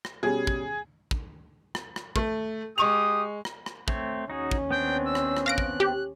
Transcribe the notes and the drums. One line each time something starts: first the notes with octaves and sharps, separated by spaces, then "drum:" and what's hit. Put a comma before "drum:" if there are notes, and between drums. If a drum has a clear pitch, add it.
drum: rim click
B2 G3 C#4 G#4
drum: kick
drum: kick
drum: rim click
drum: rim click
A3, drum: kick
G#3 G4 C#6 D#6 F7
drum: rim click
drum: rim click
A3 C4 C#5, drum: kick
D#2 C#4 D#4 F#4 G#4
drum: kick
B3 C4 D4 G5
E6
drum: rim click
drum: rim click
F5 F#6 A#6 D7
drum: kick
G4